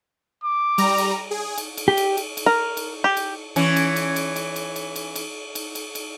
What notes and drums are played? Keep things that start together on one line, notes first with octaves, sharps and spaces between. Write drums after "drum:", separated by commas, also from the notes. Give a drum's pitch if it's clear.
D6
G3 A#5, drum: cymbal
drum: cymbal
G#4
drum: cymbal
drum: cymbal
G4
drum: cymbal
drum: cymbal
drum: cymbal
A#4
drum: cymbal
G4
drum: cymbal
E3 C#4, drum: cymbal
drum: cymbal
drum: cymbal
drum: cymbal
drum: cymbal
drum: cymbal
drum: cymbal
drum: cymbal
drum: cymbal
drum: cymbal
drum: cymbal
drum: cymbal